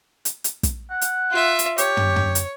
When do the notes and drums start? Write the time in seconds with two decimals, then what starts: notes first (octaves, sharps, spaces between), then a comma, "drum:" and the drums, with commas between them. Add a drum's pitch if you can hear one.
0.25 drum: hi-hat
0.44 drum: hi-hat
0.63 drum: kick, hi-hat
0.91 F#5
1.01 drum: hi-hat
1.31 F4 E5
1.59 drum: hi-hat
1.78 G4 C#5, drum: hi-hat
1.97 drum: tom
2.16 drum: tom
2.35 drum: hi-hat